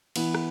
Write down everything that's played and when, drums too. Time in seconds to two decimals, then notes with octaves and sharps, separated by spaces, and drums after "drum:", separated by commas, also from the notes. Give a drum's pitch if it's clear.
0.16 E3 B3 E4, drum: cymbal
0.35 drum: rim click